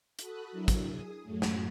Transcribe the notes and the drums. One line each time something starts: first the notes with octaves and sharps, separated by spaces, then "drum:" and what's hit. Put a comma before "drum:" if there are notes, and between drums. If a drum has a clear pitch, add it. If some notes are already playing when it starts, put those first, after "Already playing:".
F#4 A4 B5 D#6 F#6, drum: hi-hat
F#3 D4 E4 A#4 E5
drum: kick, hi-hat
G#4 D#6
F#2 A2 F#3 A3
drum: snare